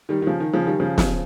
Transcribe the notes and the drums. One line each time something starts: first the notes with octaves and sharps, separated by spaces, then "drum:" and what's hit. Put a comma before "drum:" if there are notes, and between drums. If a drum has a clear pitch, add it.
D#3 G3
D#3
C#3 F3
D#3
C#3 F3
D#3 G3
C#3 F3
drum: snare